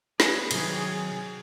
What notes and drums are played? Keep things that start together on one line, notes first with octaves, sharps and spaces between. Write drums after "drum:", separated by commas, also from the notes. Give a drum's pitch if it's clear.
G#4 B4, drum: snare
C3 D#3 F#3 G#4, drum: cymbal